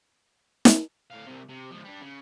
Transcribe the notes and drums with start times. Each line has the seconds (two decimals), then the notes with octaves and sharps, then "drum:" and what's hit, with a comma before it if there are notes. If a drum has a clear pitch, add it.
0.65 drum: snare
1.10 A2 F5
1.26 C2 C3
1.49 C3
1.71 C#2 F3
1.85 G3 D4
2.01 C#3